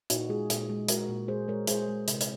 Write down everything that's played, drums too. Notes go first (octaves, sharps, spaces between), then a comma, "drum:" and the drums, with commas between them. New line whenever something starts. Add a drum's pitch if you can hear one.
A#2 D#4 F#4, drum: hi-hat
G#3 F4 G#4
A#2, drum: hi-hat
G#3
G#3 F#4 A#4, drum: hi-hat
A#2
G#3 G#4 C5
G#3 A#4 C#5
G#3 G#4 C5, drum: hi-hat
G#3
C3, drum: hi-hat
drum: hi-hat